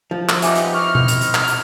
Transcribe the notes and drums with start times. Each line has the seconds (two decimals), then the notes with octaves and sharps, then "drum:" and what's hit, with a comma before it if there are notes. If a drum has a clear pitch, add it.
0.11 F3
0.29 drum: clap
0.42 B3 D#4 G4 E5 G#5 D6, drum: hi-hat
0.55 drum: hi-hat
0.74 C4 D#4 E4 C#6 F6
0.95 drum: tom B2
1.08 drum: hi-hat
1.21 drum: hi-hat
1.34 drum: clap
1.48 drum: hi-hat